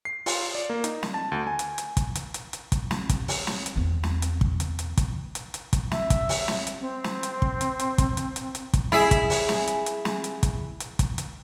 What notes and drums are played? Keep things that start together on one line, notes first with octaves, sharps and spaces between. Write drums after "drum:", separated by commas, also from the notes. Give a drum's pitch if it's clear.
C7
F4, drum: open hi-hat
D5
A#3
D#4, drum: hi-hat
drum: snare
A5
D2
G#5
drum: hi-hat
drum: hi-hat
drum: kick, hi-hat
drum: hi-hat
drum: hi-hat
drum: hi-hat
drum: kick, hi-hat
drum: snare
drum: kick, hi-hat
drum: open hi-hat
drum: snare
drum: hi-hat
E2 C4
drum: snare
drum: hi-hat
drum: kick
drum: hi-hat
drum: hi-hat
drum: kick, hi-hat
drum: hi-hat
drum: hi-hat
drum: kick, hi-hat
E5, drum: snare
drum: kick, hi-hat
drum: open hi-hat
drum: snare
drum: hi-hat
C4
drum: snare
drum: hi-hat
drum: kick
drum: hi-hat
drum: hi-hat
drum: kick, hi-hat
drum: hi-hat
drum: hi-hat
drum: hi-hat
drum: kick, hi-hat
E4 G#4 E5, drum: snare
drum: kick, hi-hat
drum: open hi-hat
drum: snare
drum: hi-hat
drum: hi-hat
drum: snare
drum: hi-hat
drum: kick, hi-hat
drum: hi-hat
drum: kick, hi-hat
drum: hi-hat